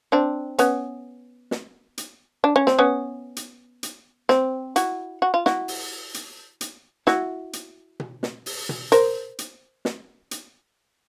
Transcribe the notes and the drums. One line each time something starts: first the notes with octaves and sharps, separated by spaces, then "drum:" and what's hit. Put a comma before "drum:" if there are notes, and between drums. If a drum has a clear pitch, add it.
C4 D4
B3 C#4, drum: hi-hat
drum: snare
drum: hi-hat
D4
C#4
C4, drum: snare
B3 C#4
drum: hi-hat
drum: hi-hat
C4, drum: snare
E4 F#4, drum: hi-hat
F#4
F4
E4 F#4, drum: snare
drum: open hi-hat
drum: hi-hat
drum: hi-hat
E4 F#4, drum: snare
drum: hi-hat
drum: tom B2
drum: snare
drum: open hi-hat
drum: tom B2
A#4 C5, drum: hi-hat
drum: hi-hat
drum: snare
drum: hi-hat